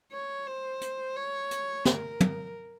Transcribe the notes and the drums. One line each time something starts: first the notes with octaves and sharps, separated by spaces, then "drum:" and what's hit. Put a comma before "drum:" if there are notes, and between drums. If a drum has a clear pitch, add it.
C#5
C5
drum: hi-hat
C#5
drum: hi-hat
A#4, drum: snare
drum: tom